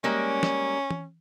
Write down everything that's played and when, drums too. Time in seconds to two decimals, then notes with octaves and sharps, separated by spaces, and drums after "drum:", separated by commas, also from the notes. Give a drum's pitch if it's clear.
0.04 G3 G#3 A#3 C#4
0.43 drum: snare
0.91 drum: tom E3